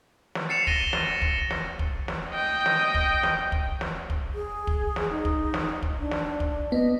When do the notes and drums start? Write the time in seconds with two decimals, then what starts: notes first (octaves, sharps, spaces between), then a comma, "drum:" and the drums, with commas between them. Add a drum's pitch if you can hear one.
0.35 drum: snare
0.49 A6 C7 C#7 E7 F7
0.67 A6 A#6 D#7 G7, drum: kick
0.93 drum: snare
1.22 drum: kick
1.50 drum: snare
1.79 drum: kick
2.08 drum: snare
2.31 D#5 G5
2.66 drum: snare
2.95 drum: kick
3.23 drum: snare
3.52 drum: kick
3.81 drum: snare
4.10 drum: kick
4.34 G#4
4.67 drum: kick
4.96 drum: snare
5.11 D#4
5.25 drum: kick
5.54 drum: snare
5.83 drum: kick
5.98 D4
6.11 drum: snare
6.40 drum: kick
6.72 B3 D#5